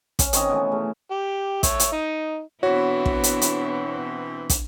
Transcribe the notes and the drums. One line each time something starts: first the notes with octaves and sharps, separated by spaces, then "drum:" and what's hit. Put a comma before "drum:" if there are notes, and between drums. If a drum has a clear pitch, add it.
C#4, drum: kick, hi-hat
D#3 C4 C#5 D#5, drum: hi-hat
B2 E3 A3
C#3 A3
G4
C#5 E5, drum: kick, hi-hat
drum: hi-hat
D#4
B2 E3 B3 C4 D4 E4 F#4 C#5
drum: kick
drum: hi-hat
drum: hi-hat
drum: kick, hi-hat